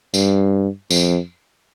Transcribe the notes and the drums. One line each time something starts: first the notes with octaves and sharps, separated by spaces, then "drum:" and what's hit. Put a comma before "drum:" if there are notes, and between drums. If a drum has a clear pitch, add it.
G2, drum: tambourine
F2, drum: tambourine